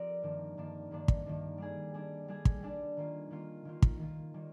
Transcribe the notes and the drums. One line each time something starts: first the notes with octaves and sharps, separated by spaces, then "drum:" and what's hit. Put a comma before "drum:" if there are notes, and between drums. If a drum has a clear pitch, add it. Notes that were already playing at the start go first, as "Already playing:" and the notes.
Already playing: F3 C4 G4 A#4 D5
G2 D#3 A#3 D4
G2 D#3 A#3 D4
G2 D#3 A#3 D4
drum: kick
G2 D#3 A#3 D4
G3 D4 G#4
G3 D4 G#4
G3 D4 G#4
drum: kick
G3 D4 G#4
D#3 A#3 F4
D#3 A#3 F4
D#3 A#3 F4
drum: kick
D#3 A#3 F4
D#3 G3 A#3